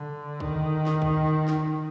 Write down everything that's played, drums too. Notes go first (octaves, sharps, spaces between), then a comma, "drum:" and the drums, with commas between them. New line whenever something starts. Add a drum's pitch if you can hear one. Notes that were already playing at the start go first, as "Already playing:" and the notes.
Already playing: D3
D#3, drum: kick
drum: snare
drum: kick
drum: snare